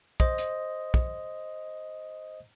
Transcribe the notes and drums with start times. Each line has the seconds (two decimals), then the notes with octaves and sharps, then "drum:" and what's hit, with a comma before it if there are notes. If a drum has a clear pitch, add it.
0.20 C5 D#5, drum: kick
0.38 drum: hi-hat
0.94 drum: kick